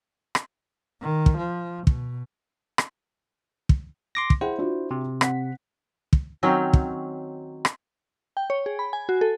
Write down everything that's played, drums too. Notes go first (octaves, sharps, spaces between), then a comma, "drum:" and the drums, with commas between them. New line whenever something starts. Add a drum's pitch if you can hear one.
drum: rim click
D#3
drum: kick
F3
B2, drum: kick
drum: rim click
drum: kick
C6 D6 A#6
drum: kick
E4 G#4 C5 F#5 G5
D4 F4 F#4
C3
C4 F#5 B6, drum: rim click
drum: kick
D#3 F#3 C4 C#4
drum: kick
drum: rim click
G5
C#5
G#4
B5
G#5
F#4
A4